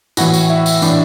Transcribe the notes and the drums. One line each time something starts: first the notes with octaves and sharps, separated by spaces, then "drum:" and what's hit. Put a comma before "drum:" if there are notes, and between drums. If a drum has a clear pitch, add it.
A2 E3 F#4, drum: tambourine
drum: tambourine
E4
drum: tambourine
A2 E3 D4, drum: tambourine